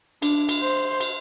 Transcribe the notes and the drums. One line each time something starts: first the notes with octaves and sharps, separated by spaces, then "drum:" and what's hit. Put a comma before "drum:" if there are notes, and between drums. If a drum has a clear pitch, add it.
D4, drum: cymbal
drum: cymbal
C5
drum: cymbal